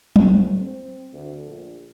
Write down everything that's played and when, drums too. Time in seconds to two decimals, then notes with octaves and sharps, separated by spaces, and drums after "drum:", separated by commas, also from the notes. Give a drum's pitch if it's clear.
0.16 G1, drum: tom
0.61 C4
1.13 D2
1.47 A#1